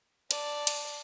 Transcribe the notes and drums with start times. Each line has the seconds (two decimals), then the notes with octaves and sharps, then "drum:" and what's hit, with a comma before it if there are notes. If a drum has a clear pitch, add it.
0.31 D5 A5, drum: cymbal
0.67 drum: cymbal